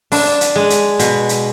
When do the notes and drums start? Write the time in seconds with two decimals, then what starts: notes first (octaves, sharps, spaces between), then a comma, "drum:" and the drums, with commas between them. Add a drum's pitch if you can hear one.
0.12 D4, drum: open hi-hat
0.41 drum: hi-hat
0.56 G#3
0.70 drum: hi-hat
0.99 B2, drum: hi-hat
1.29 drum: hi-hat